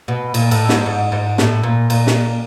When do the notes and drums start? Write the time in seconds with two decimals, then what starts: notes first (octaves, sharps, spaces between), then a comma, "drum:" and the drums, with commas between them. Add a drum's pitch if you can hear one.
0.08 B2
0.34 A#2, drum: cymbal
0.51 A2, drum: cymbal
0.69 G#2, drum: snare
0.86 G#2
1.12 G#2
1.38 A2, drum: snare
1.63 A#2
1.90 A#2, drum: cymbal
2.07 drum: snare